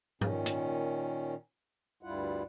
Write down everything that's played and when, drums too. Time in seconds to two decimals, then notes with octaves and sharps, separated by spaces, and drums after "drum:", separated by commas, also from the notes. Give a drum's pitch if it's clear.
0.21 A#2 D#3 C#4, drum: tom G#2
0.46 drum: hi-hat
2.03 D2 G2 G3 E4 F4 F#5